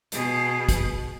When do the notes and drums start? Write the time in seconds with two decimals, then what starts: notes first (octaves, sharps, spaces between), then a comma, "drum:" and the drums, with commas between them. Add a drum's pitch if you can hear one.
0.12 B2 G#4, drum: hi-hat
0.69 drum: kick, hi-hat